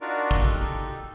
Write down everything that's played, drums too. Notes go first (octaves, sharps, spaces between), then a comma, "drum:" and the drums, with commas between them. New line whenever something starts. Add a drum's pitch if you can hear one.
D4 D#4 F4 F#4 A#4 D5
drum: kick
D#4 G4 A4